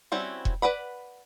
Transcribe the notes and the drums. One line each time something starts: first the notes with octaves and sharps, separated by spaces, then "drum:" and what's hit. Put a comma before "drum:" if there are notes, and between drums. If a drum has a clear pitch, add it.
G3 C4 C#4 E4 F#4
drum: kick E1
B4 D5 F#5 B5